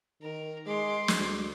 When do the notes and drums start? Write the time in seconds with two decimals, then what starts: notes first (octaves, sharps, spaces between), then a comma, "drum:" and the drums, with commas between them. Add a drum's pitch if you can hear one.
0.22 D#3 A#4
0.66 G#3 C6 D6
1.08 drum: snare
1.18 D2